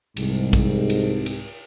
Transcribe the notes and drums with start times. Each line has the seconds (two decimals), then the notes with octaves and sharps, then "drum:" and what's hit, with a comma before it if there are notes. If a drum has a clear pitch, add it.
0.17 C2 G#2, drum: cymbal
0.53 drum: kick, cymbal
0.90 drum: cymbal
1.26 drum: cymbal